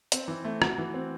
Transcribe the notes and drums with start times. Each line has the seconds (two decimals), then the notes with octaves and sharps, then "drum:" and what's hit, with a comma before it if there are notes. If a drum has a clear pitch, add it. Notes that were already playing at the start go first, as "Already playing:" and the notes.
0.12 C4, drum: hi-hat
0.28 E3
0.45 A3
0.62 F#4, drum: rim click
0.78 E3
0.94 C4